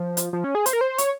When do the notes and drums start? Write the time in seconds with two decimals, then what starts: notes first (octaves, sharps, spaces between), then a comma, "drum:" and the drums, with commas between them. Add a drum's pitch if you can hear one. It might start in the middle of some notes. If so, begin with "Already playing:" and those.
Already playing: F3
0.17 drum: hi-hat
0.33 F3
0.44 C#4
0.55 G#4
0.66 C5, drum: hi-hat
0.73 A#4
0.81 C5
0.98 C#5, drum: hi-hat